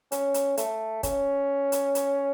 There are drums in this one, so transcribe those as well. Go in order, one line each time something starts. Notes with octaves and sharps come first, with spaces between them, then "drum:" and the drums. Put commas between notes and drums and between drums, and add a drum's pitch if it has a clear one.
C#4, drum: hi-hat
drum: hi-hat
A3, drum: hi-hat
C#4, drum: kick, hi-hat
drum: hi-hat
drum: hi-hat